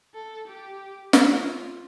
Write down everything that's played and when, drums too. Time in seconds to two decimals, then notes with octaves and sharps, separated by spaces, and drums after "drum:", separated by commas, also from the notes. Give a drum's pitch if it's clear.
0.15 A4
0.48 G4
1.13 F4, drum: snare